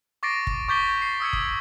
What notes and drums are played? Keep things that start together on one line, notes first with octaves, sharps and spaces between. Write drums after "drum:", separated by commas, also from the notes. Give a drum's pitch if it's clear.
C#6 D6 A6 A#6 C7 D7
drum: kick
C#6 D6 G6 A6 B6 G7
A6 C7
D#6 E6 G#6 C#7
drum: kick